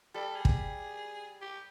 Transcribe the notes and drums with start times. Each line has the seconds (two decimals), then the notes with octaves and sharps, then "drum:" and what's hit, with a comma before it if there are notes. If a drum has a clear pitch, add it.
0.14 G3 A4
0.36 G#4
0.45 drum: kick
1.41 G4